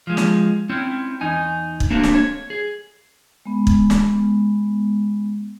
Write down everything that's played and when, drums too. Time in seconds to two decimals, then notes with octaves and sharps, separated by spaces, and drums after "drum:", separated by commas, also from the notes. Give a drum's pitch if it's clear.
0.07 F3 G#3
0.17 drum: snare
0.69 C4 C#4 E4
1.21 E2 D#4 G#5
1.80 drum: kick
1.90 A3 A#3 C4 D4 F#4
2.04 drum: snare
2.15 C#5
2.50 G#4
3.45 G#3 B3
3.67 drum: kick
3.90 drum: snare